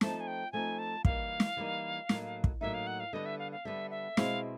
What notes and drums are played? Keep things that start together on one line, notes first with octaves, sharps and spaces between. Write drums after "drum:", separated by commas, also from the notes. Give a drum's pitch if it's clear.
F3 A3 C4 D#4 A5, drum: snare
G#5
G5
F3 A3 C4 D#4 G#5
A5
E3 G3 A#3 D#4 F5, drum: kick
drum: snare
E3 G3 A#3 D#4
A2 F#3 A#3 D#4, drum: snare
drum: kick
A2 F#3 A#3 D#4 E5
F5
F#5
F5
D3 G3 B3 D#5
E5
F5
F5
D3 G3 B3 E5
E5
B2 G#3 C4 E4 F5, drum: snare